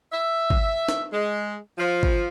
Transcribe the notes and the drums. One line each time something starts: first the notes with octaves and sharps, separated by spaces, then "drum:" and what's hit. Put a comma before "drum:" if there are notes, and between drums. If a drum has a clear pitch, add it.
E5
drum: kick
drum: snare
G#3
F3
drum: kick